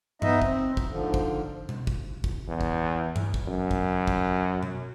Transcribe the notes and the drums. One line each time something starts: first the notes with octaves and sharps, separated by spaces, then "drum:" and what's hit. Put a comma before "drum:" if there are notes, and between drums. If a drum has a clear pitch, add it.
B3 D#4 D#5 E5, drum: tom G2
C4, drum: kick
drum: kick
G#2 D3 F3
drum: kick
drum: tom B2
drum: kick
drum: kick
E2
drum: kick
drum: tom G2
drum: kick
F#2
drum: kick
drum: kick
drum: tom B2